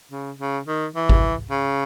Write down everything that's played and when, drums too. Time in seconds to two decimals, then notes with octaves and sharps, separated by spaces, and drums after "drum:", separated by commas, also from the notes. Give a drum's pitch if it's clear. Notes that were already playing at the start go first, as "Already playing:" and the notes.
0.12 C#3
0.39 C#3
0.67 D#3
0.96 E3
1.09 drum: kick G#1
1.51 C#3